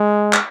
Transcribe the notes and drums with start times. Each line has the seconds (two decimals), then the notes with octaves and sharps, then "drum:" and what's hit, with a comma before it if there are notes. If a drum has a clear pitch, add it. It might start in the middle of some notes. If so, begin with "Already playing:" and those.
Already playing: G#3
0.33 drum: clap